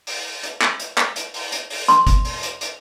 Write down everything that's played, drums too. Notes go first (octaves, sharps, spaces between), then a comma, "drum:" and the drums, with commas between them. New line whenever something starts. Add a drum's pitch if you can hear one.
drum: open hi-hat
drum: hi-hat
drum: clap
drum: hi-hat
drum: clap
drum: hi-hat
drum: open hi-hat
drum: hi-hat
drum: open hi-hat
C6, drum: hi-hat
drum: kick, hi-hat
drum: open hi-hat
drum: hi-hat
drum: hi-hat